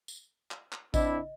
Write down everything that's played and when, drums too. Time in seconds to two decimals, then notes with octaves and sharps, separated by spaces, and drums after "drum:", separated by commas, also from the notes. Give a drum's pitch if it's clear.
0.08 drum: tambourine
0.51 drum: clap
0.72 drum: clap
0.94 C4 D4 E4 D#5, drum: kick A1, tambourine